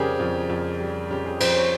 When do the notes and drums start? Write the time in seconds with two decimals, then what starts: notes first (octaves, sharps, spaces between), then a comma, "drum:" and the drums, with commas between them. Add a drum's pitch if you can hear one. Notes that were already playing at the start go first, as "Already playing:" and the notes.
Already playing: F2 C#3 G3 G4 G#4 A#4 C5
0.20 F2
0.49 F2
0.80 G3
1.10 C#3 G4
1.26 G#4
1.40 F2 C5, drum: cymbal
1.56 C#5